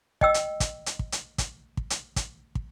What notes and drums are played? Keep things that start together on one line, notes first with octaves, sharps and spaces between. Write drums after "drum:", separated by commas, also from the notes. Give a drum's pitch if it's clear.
D#5 G5 E6, drum: kick
drum: hi-hat
drum: kick, hi-hat
drum: hi-hat
drum: kick
drum: hi-hat
drum: kick, hi-hat
drum: kick
drum: hi-hat
drum: kick, hi-hat
drum: kick